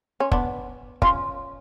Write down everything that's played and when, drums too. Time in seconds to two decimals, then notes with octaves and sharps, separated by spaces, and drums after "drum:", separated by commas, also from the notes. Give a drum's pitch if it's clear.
0.20 C#4
0.32 B3 D4, drum: kick
1.02 C#4 F4, drum: kick